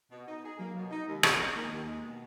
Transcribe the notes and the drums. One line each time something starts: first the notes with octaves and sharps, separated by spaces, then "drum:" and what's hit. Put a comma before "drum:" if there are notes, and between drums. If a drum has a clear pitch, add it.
B2
D#4
G#4
F#3 A#3
B2
D#4
D#2 G#3
G#3, drum: rim click
D#4
D#3 A#3
D#2
G#3
B2